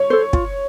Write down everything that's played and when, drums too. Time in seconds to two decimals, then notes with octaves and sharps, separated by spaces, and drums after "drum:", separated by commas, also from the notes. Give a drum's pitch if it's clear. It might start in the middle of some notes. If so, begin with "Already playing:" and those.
Already playing: C#5
0.10 A4 C5
0.33 F4, drum: kick